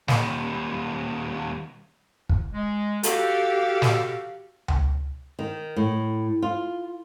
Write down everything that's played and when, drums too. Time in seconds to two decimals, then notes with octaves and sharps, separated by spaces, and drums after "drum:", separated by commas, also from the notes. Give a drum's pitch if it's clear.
0.08 D#2 G3, drum: snare
2.29 drum: kick
2.53 G#3
3.03 F#4 G4 A4 F5, drum: hi-hat
3.82 drum: snare
4.68 drum: tom C#2
5.39 D#3
5.76 A2
6.42 F4